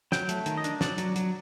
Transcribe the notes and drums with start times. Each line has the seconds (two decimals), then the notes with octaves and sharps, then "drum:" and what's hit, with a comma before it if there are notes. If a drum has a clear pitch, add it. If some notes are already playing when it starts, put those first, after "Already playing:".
0.12 F#3 G5, drum: snare
0.29 A3, drum: hi-hat
0.46 D#3, drum: hi-hat
0.57 D#5
0.64 D4, drum: hi-hat
0.81 F#3 D5, drum: snare
0.98 F#3, drum: hi-hat
1.16 F#3, drum: hi-hat